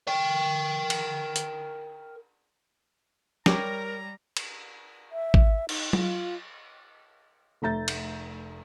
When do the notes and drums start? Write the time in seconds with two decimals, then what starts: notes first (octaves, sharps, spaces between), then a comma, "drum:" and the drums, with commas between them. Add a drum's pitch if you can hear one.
0.08 A#4 G5
0.90 drum: cymbal
1.36 drum: hi-hat
3.46 G3 A#4 C#5 G5 A#5 D6, drum: snare
4.37 drum: cymbal
5.12 E5
5.34 drum: kick
5.69 D#4, drum: cymbal
5.93 F4, drum: tom F#3
7.62 F1 A3 E5 A#5 G6 A6
7.88 drum: cymbal